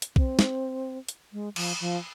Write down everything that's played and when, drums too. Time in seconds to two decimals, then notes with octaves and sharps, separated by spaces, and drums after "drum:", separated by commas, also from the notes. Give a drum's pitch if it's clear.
0.02 drum: hi-hat
0.16 C4, drum: kick B1
0.39 drum: snare
1.09 drum: hi-hat
1.33 G#3
1.56 F3, drum: cymbal
1.80 F3